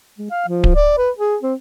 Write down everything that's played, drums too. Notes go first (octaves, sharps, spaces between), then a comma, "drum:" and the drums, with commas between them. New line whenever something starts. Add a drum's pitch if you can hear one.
G#3
F5
F3
drum: kick D1
D5
B4
G#4
C4